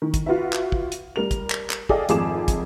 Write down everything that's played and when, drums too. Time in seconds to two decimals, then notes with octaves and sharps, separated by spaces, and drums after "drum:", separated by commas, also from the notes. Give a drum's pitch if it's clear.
0.02 D#3
0.14 drum: kick, hi-hat
0.26 F4 F#4 B4 E5
0.53 drum: clap
0.72 drum: kick
0.92 drum: hi-hat
1.16 G3 A#4 F7
1.31 drum: kick, hi-hat
1.50 drum: clap
1.70 drum: clap
1.89 G#4 A4 D5 D#5 F5 G5, drum: kick
2.09 G#1 F2 G#4 D6 E7, drum: hi-hat
2.48 drum: kick, hi-hat